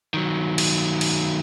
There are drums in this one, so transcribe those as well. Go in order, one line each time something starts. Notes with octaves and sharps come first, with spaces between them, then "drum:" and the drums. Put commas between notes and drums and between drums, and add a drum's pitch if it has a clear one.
D#3 F#3
drum: cymbal
drum: cymbal